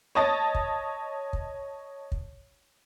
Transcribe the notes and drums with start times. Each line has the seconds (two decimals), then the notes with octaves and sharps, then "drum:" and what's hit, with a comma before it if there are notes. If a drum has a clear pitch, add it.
0.15 C#5 D#5 A5 D#6 A6
0.55 drum: kick
1.33 drum: kick
2.12 drum: kick